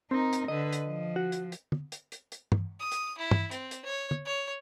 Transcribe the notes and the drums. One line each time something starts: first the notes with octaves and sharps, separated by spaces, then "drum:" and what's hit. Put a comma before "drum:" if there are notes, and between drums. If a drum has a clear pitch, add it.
C4 D#4 A#4
drum: hi-hat
D3 B4 D#5
drum: hi-hat
F3
F#4
drum: hi-hat
drum: hi-hat
drum: tom
drum: hi-hat
drum: hi-hat
drum: hi-hat
drum: tom G2
D#6
drum: hi-hat
E4
drum: tom G2
C4, drum: hi-hat
drum: hi-hat
C#5
drum: tom
C#5